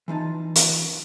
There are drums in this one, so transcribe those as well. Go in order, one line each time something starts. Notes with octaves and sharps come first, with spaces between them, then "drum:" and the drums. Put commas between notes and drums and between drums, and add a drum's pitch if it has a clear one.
E3 F3 D#4 A5
drum: hi-hat